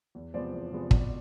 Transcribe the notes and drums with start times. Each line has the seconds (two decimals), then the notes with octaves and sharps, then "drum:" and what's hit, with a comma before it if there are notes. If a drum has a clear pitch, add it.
0.15 E2
0.34 C3 F3 G#3 B3 C5 D5
0.53 E2
0.71 C3 F3 G#3 B3
0.91 B2, drum: kick